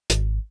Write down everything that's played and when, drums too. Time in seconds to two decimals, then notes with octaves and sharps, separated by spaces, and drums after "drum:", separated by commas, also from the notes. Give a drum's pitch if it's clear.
0.10 G#1, drum: hi-hat